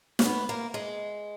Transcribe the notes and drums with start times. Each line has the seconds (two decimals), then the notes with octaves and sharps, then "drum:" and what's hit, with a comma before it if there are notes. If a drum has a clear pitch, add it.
0.19 C#4, drum: snare
0.25 B3
0.49 A#3
0.74 G#3